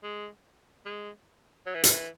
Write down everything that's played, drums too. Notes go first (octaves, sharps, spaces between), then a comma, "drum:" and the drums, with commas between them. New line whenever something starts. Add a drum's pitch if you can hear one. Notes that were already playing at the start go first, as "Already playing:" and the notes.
G#3
G#3
F#3
E3
D#3, drum: hi-hat
E3